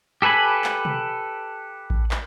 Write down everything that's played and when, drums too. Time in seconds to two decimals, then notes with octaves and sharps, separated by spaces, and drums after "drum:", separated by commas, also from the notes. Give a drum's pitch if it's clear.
0.22 G4 A4 B4 G#5 B5
0.64 drum: clap
0.85 drum: tom
1.90 drum: kick A1
2.11 drum: clap